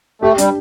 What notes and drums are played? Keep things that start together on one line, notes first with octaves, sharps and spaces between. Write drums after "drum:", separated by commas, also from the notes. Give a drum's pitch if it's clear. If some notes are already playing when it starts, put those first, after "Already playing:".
A3 G4
G3 D4, drum: hi-hat